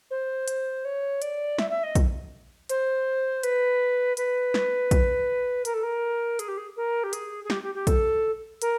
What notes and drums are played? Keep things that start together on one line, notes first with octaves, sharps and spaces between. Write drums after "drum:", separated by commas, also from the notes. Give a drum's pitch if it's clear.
C5
drum: hi-hat
C#5
D5, drum: hi-hat
E5, drum: snare
E5
D#5
drum: kick, hi-hat
C5, drum: hi-hat
B4, drum: hi-hat
B4, drum: hi-hat
drum: snare
drum: kick, hi-hat
A#4, drum: hi-hat
A4
A#4
G#4, drum: hi-hat
G4
G#4
A#4
G4
G#4, drum: hi-hat
G#4
G4, drum: snare
G4
G4
A4, drum: kick, hi-hat
A#4, drum: hi-hat